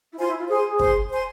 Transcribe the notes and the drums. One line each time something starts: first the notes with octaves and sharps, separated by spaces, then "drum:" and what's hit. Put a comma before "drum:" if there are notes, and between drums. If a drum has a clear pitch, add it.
E4
F4 C5 G#5 C6
E4
F4
G#4 C5 G#5 C6
G#4
C5 G#5 C6, drum: kick
C5 G#5 C6